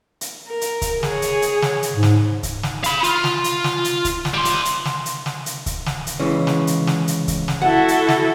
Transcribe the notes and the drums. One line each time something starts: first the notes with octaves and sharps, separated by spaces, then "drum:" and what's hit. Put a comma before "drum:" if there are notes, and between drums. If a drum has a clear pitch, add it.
drum: hi-hat
A#4
drum: hi-hat
drum: kick C#1, hi-hat
G#4 C#5, drum: snare
drum: hi-hat
drum: hi-hat
drum: snare
drum: hi-hat
G#2
drum: snare
drum: kick C#1, hi-hat
drum: snare
F5 B5, drum: hi-hat
F4, drum: hi-hat
drum: snare
drum: hi-hat
drum: snare
drum: hi-hat
drum: kick C#1, hi-hat
drum: snare
G3 C6
drum: hi-hat
drum: hi-hat
drum: snare
drum: hi-hat
drum: snare
drum: hi-hat
drum: kick C#1, hi-hat
drum: snare
drum: hi-hat
C#2 C#3 E3
drum: snare
drum: hi-hat
drum: snare
drum: hi-hat
drum: kick C#1, hi-hat
drum: snare
E4 F#4 A4 F#5
drum: hi-hat
drum: snare